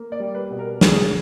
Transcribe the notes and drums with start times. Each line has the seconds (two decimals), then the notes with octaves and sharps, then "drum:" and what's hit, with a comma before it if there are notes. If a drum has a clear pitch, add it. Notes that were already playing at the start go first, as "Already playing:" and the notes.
Already playing: A#3
0.12 D5
0.20 G3
0.35 B4
0.50 B2
0.59 A#4
0.81 C2 G#4, drum: snare